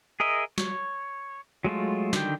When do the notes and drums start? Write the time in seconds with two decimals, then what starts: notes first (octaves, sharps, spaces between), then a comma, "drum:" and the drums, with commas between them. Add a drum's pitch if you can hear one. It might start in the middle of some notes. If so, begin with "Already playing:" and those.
0.20 G#4 A#4 D#5 E5
0.58 C#5, drum: snare
1.64 F#3 G#3 A3 F4
2.13 D3 D#3 G5, drum: snare